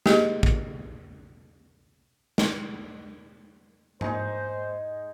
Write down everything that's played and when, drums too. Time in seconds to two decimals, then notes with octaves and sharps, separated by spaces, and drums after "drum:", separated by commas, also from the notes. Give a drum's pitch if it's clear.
0.06 A#3 G4 G#4 D#5, drum: snare
0.43 drum: kick
2.38 drum: snare
4.01 G#3 D#4 G#4 C5, drum: tom G#2